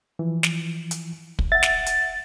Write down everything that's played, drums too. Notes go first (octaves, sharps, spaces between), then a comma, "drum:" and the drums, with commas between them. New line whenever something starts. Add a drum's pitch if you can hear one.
E3 F3
drum: snare
drum: hi-hat
drum: kick
E5 F#5 A6
drum: snare
drum: hi-hat